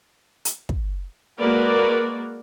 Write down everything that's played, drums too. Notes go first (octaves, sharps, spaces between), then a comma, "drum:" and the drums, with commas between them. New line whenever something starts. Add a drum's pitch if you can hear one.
drum: hi-hat
drum: kick
G#3 A#3 F#4 A#4 B4 D5